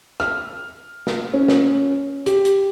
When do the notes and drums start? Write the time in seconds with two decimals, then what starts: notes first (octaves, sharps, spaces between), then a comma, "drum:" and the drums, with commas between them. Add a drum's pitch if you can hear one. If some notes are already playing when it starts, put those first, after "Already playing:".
0.20 F6, drum: rim click
1.07 drum: snare
1.34 C#4
1.48 drum: snare
2.26 G4, drum: hi-hat
2.45 drum: hi-hat